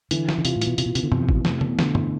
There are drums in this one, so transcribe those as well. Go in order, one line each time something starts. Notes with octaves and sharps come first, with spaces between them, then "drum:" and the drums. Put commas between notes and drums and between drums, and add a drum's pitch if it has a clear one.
D3 E3, drum: hi-hat
E3, drum: snare
D3
C3 F4, drum: hi-hat
A2
E3, drum: hi-hat
B2
C3 F4, drum: hi-hat
B2
C3 B3, drum: hi-hat
D3
F2 C3, drum: tom
E3, drum: kick A1
B2
C3 A3, drum: snare
B2, drum: tom
D3 A3, drum: snare
E4, drum: tom